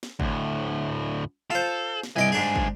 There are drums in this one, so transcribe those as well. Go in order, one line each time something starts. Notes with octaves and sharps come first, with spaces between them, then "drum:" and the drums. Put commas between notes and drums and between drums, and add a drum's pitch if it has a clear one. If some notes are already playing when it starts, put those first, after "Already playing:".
drum: snare
D2 A2, drum: kick
F4 A4 C5
drum: snare
C2 G2 D#5 G#5 D6
G#2 D4 G#4
drum: kick